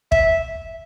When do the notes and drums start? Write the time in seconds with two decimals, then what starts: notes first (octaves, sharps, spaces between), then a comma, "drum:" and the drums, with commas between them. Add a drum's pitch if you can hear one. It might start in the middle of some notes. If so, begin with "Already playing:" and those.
0.12 E5, drum: kick